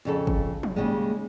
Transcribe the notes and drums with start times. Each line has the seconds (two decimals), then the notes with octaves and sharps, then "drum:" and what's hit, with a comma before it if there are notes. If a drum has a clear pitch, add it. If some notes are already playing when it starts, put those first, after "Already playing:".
0.05 F2 C#3 A4
0.27 drum: kick
0.63 drum: tom F3
0.76 D#2 C#3 G3 G#3